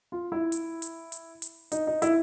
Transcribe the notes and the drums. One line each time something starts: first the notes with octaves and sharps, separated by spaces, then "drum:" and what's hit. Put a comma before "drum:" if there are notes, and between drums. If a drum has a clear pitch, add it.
F4
E4
drum: hi-hat
drum: hi-hat
drum: hi-hat
drum: hi-hat
D#4, drum: hi-hat
D#4
E4, drum: hi-hat